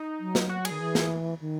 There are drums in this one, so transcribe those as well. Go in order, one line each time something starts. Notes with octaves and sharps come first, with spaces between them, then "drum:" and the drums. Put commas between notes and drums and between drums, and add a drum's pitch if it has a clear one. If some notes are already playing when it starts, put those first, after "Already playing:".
Already playing: D#4
F#3
drum: snare
F#4
G#4, drum: cymbal
D#3
E3
drum: snare
D#3